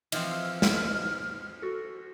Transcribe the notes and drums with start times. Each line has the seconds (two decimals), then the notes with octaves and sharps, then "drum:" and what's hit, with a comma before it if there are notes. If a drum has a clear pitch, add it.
0.12 E3 F3 C4 D#5 F6, drum: cymbal
0.31 E6 F6
0.62 drum: snare
1.62 F#4 A4